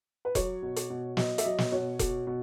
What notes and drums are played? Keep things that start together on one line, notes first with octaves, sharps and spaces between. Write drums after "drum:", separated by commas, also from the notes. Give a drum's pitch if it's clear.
B4
F#3 C#5, drum: kick E1, hi-hat
B2
drum: hi-hat
B2
F#3 D#5, drum: snare
E5, drum: hi-hat
F#3 D#5
drum: snare
B2 C#5
B2, drum: kick E1, hi-hat
B2